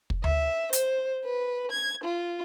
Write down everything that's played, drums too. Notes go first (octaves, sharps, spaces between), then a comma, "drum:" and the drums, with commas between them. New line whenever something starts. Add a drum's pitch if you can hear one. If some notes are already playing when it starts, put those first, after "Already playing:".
drum: kick
E5, drum: tom D2
C5, drum: hi-hat
B4
G#6
F4